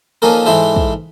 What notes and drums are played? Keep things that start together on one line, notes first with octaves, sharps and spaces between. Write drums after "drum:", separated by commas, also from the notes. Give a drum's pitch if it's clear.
F3 A#3 C#4 D#4 A4 A#4
G#2 E3 E4 A4 C5 E5
drum: kick